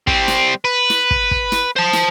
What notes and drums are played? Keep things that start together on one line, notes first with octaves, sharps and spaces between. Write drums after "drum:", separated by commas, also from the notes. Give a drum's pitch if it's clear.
G3 C4, drum: kick
drum: snare
B4
drum: snare
drum: kick
drum: kick
drum: snare
C5 A5
drum: snare